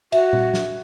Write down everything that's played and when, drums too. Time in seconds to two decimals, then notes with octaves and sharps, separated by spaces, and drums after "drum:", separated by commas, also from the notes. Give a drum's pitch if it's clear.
0.12 F#4 E5, drum: cymbal
0.33 drum: tom A#2
0.54 drum: snare